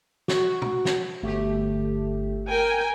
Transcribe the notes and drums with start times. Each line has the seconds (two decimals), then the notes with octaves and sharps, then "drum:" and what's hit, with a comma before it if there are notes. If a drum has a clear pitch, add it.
0.28 F#4, drum: snare
0.62 drum: tom
0.85 drum: snare
1.23 G1 A3 G4
2.48 A#4 G5 G#5